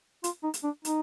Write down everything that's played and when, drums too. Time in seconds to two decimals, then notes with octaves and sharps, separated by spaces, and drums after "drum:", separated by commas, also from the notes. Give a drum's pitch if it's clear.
0.24 F4, drum: hi-hat
0.43 D#4
0.54 drum: hi-hat
0.64 D4
0.85 D#4, drum: hi-hat